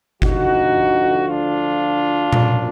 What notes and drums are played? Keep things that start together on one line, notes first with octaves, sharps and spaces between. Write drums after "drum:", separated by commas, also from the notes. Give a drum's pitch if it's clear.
D2 D3 F3 D#4 F#4, drum: kick G1
D4 F4
F#2 F3, drum: tom A#2